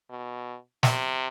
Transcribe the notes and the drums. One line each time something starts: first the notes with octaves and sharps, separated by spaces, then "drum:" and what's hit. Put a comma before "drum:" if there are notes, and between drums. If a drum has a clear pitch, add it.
B2
C3, drum: snare